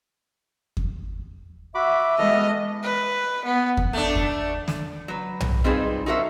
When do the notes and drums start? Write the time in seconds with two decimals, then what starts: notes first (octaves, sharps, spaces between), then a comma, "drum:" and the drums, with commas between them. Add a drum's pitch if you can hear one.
0.77 drum: kick E2
1.75 F#4 E5 B5 D6
2.18 E3 G#3 B3 A4 D#5 F6
2.83 B4
3.45 B3
3.77 drum: kick E2
3.93 A3 D4
4.15 drum: kick E2
4.68 drum: snare
5.08 F#3 B4
5.40 drum: tom B1
5.64 G3 C4 D#4 F4 G#4 B4
6.06 D#4 F#4 A4 A#4 C5 E5